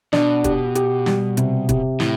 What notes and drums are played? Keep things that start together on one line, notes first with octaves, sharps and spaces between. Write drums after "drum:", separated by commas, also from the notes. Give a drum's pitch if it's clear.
B2 D4, drum: snare
G4, drum: kick, hi-hat
G4, drum: hi-hat
G3, drum: snare
C3, drum: hi-hat
C3, drum: kick, hi-hat
A2 E4, drum: snare